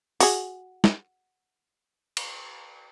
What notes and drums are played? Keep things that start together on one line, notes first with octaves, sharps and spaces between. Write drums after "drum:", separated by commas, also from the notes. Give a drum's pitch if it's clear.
F#4 G#4, drum: open hi-hat
drum: snare
drum: cymbal